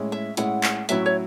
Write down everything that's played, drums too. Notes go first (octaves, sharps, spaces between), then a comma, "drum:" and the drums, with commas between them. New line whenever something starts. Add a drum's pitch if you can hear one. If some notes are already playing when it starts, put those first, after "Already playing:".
Already playing: A2 G#3 C#4 E4
E5
A2 G#3 C#4 E4 F#5, drum: hi-hat
drum: clap
A2 F#3 C#4 E4 E5, drum: hi-hat
C#5